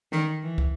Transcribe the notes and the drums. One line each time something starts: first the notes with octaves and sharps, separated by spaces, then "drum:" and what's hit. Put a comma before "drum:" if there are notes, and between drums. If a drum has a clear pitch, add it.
D#3, drum: snare
E3
drum: kick